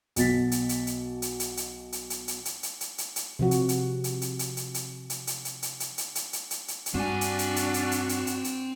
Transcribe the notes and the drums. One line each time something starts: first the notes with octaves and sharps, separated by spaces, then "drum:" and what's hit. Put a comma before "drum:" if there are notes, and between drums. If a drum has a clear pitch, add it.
B1 B2 A6 B6, drum: hi-hat
drum: hi-hat
drum: hi-hat
drum: hi-hat
drum: hi-hat
drum: hi-hat
drum: hi-hat
drum: hi-hat
drum: hi-hat
drum: hi-hat
drum: hi-hat
drum: hi-hat
drum: hi-hat
drum: hi-hat
drum: hi-hat
C3 F3 F#4
drum: hi-hat
drum: hi-hat
drum: hi-hat
drum: hi-hat
drum: hi-hat
drum: hi-hat
drum: hi-hat
drum: hi-hat
drum: hi-hat
drum: hi-hat
drum: hi-hat
drum: hi-hat
drum: hi-hat
drum: hi-hat
drum: hi-hat
drum: hi-hat
drum: hi-hat
drum: hi-hat
G2 C4 D4 F#4 G#5
drum: hi-hat
drum: hi-hat
drum: hi-hat
drum: hi-hat
drum: hi-hat
drum: hi-hat
drum: hi-hat
drum: hi-hat